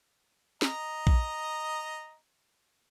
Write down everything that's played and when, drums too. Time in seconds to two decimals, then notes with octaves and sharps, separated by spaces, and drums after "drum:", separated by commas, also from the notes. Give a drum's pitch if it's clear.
0.62 D#5 A#5, drum: snare
1.07 drum: kick A#1